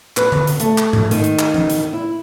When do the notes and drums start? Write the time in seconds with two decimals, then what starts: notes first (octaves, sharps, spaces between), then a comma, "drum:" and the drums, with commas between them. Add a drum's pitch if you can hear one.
0.17 B4, drum: clap
0.32 drum: tom D3
0.47 drum: hi-hat
0.60 A3, drum: hi-hat
0.78 drum: clap
0.93 drum: tom G#2
1.11 D#3, drum: hi-hat
1.24 drum: hi-hat
1.39 drum: clap
1.54 drum: tom E3
1.70 drum: hi-hat
1.93 E4